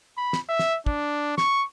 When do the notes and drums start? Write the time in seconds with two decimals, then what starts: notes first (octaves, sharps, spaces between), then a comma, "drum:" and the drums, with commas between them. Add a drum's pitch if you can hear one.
0.17 B5
0.33 drum: snare
0.49 E5
0.59 drum: snare
0.86 D4, drum: kick
1.38 C#6, drum: snare